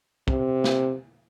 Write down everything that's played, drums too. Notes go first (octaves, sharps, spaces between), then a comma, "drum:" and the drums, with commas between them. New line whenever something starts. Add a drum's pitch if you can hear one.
C3, drum: kick
drum: snare